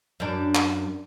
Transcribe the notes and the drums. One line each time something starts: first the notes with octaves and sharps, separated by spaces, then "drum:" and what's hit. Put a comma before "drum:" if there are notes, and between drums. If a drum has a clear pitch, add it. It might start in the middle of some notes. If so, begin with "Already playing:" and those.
F#2 D4
drum: clap